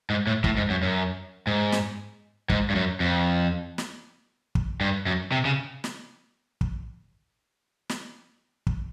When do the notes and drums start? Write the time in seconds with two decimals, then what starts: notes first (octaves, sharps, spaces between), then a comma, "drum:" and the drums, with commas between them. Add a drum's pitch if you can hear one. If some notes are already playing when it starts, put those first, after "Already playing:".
0.10 G#2
0.27 A2
0.44 A2, drum: kick
0.57 G#2
0.70 F#2
0.83 F#2
1.47 G#2
1.72 drum: snare
2.50 G#2, drum: kick
2.70 G2
2.75 F#2
3.00 F2
3.78 drum: snare
4.55 drum: kick
4.81 G2
5.06 F#2
5.32 C3
5.45 C#3
5.84 drum: snare
6.61 drum: kick
7.89 drum: snare
8.67 drum: kick